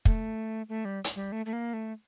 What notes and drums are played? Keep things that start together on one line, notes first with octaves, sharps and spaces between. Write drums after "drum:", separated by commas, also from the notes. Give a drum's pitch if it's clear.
A3, drum: kick
A3
G3
drum: hi-hat
G3
A3
A3
A#3
A3